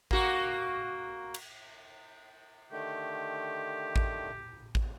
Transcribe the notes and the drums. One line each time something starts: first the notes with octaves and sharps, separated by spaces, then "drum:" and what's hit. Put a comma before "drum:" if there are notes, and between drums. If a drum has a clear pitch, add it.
A#3 F#4, drum: kick A1
drum: cymbal
D3 D#3 A3 G4
drum: kick A1
drum: kick A1